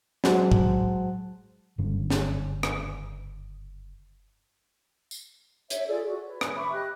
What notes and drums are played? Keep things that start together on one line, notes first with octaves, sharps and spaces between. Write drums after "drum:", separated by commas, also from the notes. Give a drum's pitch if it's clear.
F#3 G#3 C5 F#5 A5, drum: snare
drum: kick
F#1 G2 D3 C#4
drum: snare
drum: rim click
drum: tambourine
C#5 E5, drum: hi-hat
F4 G#4 A4 D5
F#4
B4 C#5
drum: rim click
E5 B5 C#6 D6
G4 D#5 F#6